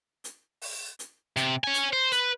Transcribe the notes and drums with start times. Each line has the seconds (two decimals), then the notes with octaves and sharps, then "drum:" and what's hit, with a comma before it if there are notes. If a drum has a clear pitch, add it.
0.24 drum: hi-hat
0.62 drum: open hi-hat
0.99 drum: hi-hat
1.37 C3, drum: hi-hat
1.64 C#5 G#5
1.74 drum: hi-hat
1.93 C5
2.12 B4, drum: hi-hat